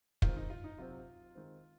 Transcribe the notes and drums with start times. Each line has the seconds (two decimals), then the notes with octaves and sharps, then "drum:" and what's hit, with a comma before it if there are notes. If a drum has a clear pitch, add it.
0.22 D#3 G#3 C4 F4, drum: kick
0.37 D#4
0.50 F4
0.64 D#4
0.78 C3 F#3 C4 F4
1.35 D#3 G#3 C4